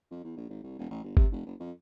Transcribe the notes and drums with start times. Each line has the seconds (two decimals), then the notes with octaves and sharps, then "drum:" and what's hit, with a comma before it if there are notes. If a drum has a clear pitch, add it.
0.11 F2
0.24 E2
0.37 A#1
0.49 G#1
0.63 C2
0.79 E1
0.90 A1
1.04 G1
1.17 C3, drum: kick G1
1.31 F1
1.46 F#1
1.59 F2